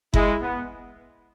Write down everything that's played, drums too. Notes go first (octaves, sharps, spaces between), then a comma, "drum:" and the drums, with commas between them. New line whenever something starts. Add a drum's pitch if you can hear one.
G#3 E4, drum: kick F#1
B3